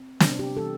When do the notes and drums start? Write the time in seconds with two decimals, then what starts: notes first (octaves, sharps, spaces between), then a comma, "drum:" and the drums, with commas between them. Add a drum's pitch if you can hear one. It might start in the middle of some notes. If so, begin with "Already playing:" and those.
Already playing: C4
0.20 C3 G3 B3 D4, drum: snare
0.39 G4
0.56 E3 G3 C4 A4